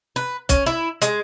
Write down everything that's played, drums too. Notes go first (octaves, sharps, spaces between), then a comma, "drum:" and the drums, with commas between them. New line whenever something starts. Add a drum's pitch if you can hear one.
B4
C#4, drum: kick B1, hi-hat
E4
G#3, drum: hi-hat